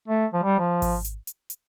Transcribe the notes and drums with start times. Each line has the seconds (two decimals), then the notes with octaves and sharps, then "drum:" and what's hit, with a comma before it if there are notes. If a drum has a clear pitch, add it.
0.08 A3
0.33 F3
0.43 G3
0.59 F3
0.82 drum: kick G#1, open hi-hat
1.05 drum: hi-hat
1.27 drum: hi-hat
1.50 drum: hi-hat